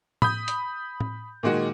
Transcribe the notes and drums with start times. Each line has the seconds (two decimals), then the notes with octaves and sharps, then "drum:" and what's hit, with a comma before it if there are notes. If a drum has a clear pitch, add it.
0.22 B5 D#6 G6, drum: tom A2
0.48 drum: hi-hat
1.00 drum: tom A2
1.43 A#2 D#3 G#3 F#4